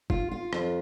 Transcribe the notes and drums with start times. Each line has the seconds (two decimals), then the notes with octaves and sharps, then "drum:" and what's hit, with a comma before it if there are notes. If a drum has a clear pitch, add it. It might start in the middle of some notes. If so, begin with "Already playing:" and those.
0.10 F4, drum: kick
0.31 F4
0.53 F2, drum: rim click